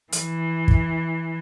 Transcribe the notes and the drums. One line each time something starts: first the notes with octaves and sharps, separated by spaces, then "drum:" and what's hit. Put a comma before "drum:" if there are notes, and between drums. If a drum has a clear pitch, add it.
E3, drum: hi-hat
drum: kick